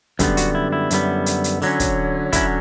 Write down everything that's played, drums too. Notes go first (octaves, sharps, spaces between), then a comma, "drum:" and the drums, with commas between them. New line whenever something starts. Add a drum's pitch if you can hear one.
F#2 D3 G3 B3, drum: kick, hi-hat
F#4, drum: hi-hat
E4
E4
F#2 D3 G3 B3, drum: hi-hat
drum: hi-hat
drum: hi-hat
D3 F#3 C#4, drum: open hi-hat
drum: kick, hi-hat
D3 F#3 C#4 E4, drum: kick, hi-hat